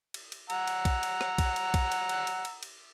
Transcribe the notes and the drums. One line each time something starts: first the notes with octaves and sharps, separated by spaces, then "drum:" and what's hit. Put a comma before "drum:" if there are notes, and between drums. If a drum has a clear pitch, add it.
drum: cymbal
drum: cymbal
F#5 A#5 E6, drum: cymbal
drum: cymbal
drum: kick B1, cymbal
drum: cymbal
drum: rim click
drum: kick B1, cymbal
drum: cymbal
drum: kick B1, cymbal
drum: cymbal
drum: cymbal
drum: cymbal
drum: cymbal
drum: cymbal